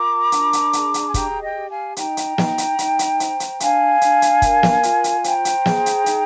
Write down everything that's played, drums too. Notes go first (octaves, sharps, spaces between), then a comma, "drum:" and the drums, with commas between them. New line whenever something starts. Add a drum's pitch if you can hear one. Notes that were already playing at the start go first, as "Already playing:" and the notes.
Already playing: F4 A#4 A#5 D6
D4, drum: hi-hat
drum: hi-hat
G#4, drum: hi-hat
drum: hi-hat
G#5
G4 G5 A#5, drum: kick, hi-hat
D#5 G5
G4
F5 G#5
D#4 G5 A#5, drum: hi-hat
drum: hi-hat
D#4, drum: snare
drum: hi-hat
D#4, drum: hi-hat
drum: hi-hat
C5, drum: hi-hat
drum: hi-hat
D4 F5 G#5, drum: hi-hat
D4, drum: hi-hat
drum: hi-hat
A#4, drum: kick, hi-hat
drum: snare
F4, drum: hi-hat
drum: hi-hat
C5 G5 A#5, drum: hi-hat
drum: hi-hat
G#4, drum: snare
drum: hi-hat
D#4, drum: hi-hat